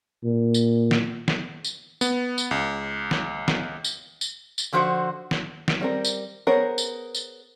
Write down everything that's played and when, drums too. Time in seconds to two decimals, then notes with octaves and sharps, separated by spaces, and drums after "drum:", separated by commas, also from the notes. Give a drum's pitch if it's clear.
0.25 A#2
0.54 drum: tambourine
0.91 drum: snare
1.28 drum: snare
1.64 drum: tambourine
2.01 B3, drum: tambourine
2.38 drum: tambourine
2.51 C#2
3.11 drum: snare
3.48 drum: snare
3.84 drum: tambourine
4.21 drum: tambourine
4.58 drum: tambourine
4.73 D3 F3 F#4 B4 C5 F#5
5.31 drum: snare
5.68 drum: snare
5.81 G3 C4 A#4
6.05 drum: tambourine
6.47 B3 G#4 A#4 C5 C#5
6.78 drum: tambourine
7.15 drum: tambourine